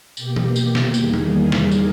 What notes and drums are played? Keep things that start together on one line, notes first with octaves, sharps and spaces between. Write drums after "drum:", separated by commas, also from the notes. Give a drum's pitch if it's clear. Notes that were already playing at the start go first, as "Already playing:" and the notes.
B2 A#3 G4, drum: tambourine
drum: tom
drum: tambourine
drum: snare
E2 D#3 G3 A#3 G#4, drum: tambourine
drum: tom
A#4
drum: snare
drum: tambourine